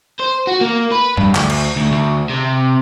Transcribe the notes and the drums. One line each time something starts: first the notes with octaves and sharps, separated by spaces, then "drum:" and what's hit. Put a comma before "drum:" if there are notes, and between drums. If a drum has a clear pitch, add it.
C5
F#4
A#3
B4
G2, drum: tom G2
D2, drum: clap
drum: cymbal
D2
D2
C3